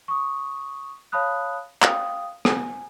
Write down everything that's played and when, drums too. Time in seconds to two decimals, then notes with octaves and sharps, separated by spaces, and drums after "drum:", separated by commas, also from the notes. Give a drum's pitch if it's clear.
0.08 C#6 D#6
1.12 C#5 F5 A5 B5 D#6 F#6
1.82 F5 G5 D#6, drum: clap
2.45 G#5, drum: rim click